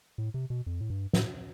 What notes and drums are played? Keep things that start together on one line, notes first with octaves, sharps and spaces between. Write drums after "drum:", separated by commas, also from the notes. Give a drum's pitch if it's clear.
A2
C3
B2
F2
A2
G2
A2, drum: snare